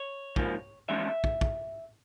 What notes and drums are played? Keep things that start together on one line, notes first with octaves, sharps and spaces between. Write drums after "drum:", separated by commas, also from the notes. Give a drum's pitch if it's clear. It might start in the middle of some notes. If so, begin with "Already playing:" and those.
Already playing: C#5
G#2 F3 A#3, drum: kick
F2 E3 G#3 C#4 E5
drum: kick
drum: kick